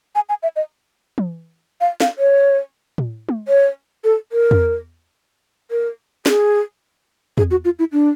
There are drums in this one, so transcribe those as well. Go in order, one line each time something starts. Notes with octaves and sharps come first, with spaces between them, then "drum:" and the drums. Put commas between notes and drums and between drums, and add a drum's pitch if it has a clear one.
G#5
G#5
E5
D#5
drum: tom E3
F5
F5, drum: snare
C#5
drum: tom A2
drum: tom G#3
C#5
A4
A#4
drum: tom E2
A#4
G#4, drum: snare
G#4, drum: tom E2
F#4
F4
E4
D4